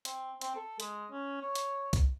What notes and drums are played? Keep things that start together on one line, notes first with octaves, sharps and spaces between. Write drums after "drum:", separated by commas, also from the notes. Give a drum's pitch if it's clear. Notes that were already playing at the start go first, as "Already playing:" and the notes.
C4, drum: hi-hat
C4, drum: hi-hat
A4
G#3, drum: hi-hat
C#4
C#5
drum: hi-hat
drum: kick, hi-hat